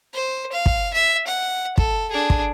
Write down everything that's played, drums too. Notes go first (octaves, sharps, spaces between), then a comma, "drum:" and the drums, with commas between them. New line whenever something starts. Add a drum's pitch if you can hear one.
C5
F5
drum: kick
E5
F#5
A4, drum: kick
D4 G#4
drum: kick